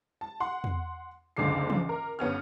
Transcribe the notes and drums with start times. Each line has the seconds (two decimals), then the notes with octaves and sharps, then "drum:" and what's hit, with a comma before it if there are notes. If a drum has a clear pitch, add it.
0.21 A5
0.40 F#5 C6
0.64 drum: tom E2
1.37 F#1 C#2 G#2 D3 D6 C7
1.70 drum: tom E3
1.89 A#4
2.19 G1 B3 C#4 F6